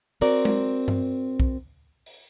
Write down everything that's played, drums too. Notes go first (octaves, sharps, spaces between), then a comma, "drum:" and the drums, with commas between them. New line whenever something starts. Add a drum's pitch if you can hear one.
C4 F#4 A#4 D5, drum: open hi-hat
drum: tom G#3
drum: tom G2
drum: kick
drum: open hi-hat